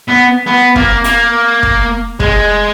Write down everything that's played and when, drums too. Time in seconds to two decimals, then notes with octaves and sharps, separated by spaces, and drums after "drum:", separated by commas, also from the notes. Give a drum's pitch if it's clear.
0.09 B3
0.47 B3
0.76 A#3, drum: kick
1.04 A#3, drum: hi-hat
1.63 drum: kick
2.20 G#3, drum: kick